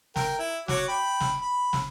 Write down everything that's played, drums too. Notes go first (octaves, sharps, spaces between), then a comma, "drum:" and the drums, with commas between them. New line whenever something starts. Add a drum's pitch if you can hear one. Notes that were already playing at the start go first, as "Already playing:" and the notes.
A#4 G5, drum: snare
E4
F#4 C#5 D6, drum: snare
G5 B5
drum: snare
B5
drum: snare